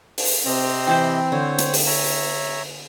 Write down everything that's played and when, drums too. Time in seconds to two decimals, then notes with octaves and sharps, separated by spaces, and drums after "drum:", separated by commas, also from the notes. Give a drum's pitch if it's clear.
0.18 drum: open hi-hat
0.46 C3 C4 D#5
0.87 E3 E4 C5 G5
1.32 D3 C5 C#5
1.59 drum: hi-hat
1.74 drum: open hi-hat
1.87 C#5 E5 A#5